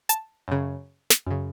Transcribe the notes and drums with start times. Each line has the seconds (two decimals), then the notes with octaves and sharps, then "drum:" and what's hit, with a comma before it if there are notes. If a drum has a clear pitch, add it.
0.09 A5, drum: hi-hat
0.48 F#2 C#3
1.10 drum: snare
1.26 F#2 C#3